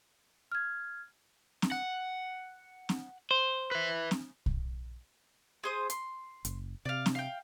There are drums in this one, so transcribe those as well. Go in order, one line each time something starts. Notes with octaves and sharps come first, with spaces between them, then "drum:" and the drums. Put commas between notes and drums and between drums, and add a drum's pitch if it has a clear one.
F6 G#6
drum: snare C4
F#5
drum: snare C4
C5
B4 E5
drum: snare C4
drum: kick B1
G#4 C5 D#6
C6, drum: hi-hat
F#1, drum: hi-hat
C3 D5 F5
drum: snare C4
F5 G5